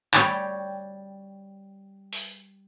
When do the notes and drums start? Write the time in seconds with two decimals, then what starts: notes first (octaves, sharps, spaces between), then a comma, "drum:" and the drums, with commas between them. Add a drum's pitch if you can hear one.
0.14 G3 C#5 G5, drum: clap
2.13 drum: open hi-hat